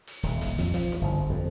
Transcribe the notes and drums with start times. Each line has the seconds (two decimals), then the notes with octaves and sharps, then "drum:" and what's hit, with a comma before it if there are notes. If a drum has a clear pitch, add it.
0.07 drum: hi-hat
0.23 D#1, drum: hi-hat
0.41 drum: kick B1, hi-hat
0.58 F2, drum: hi-hat
0.74 F3, drum: kick B1, hi-hat
0.92 drum: snare
1.01 G1
1.30 F2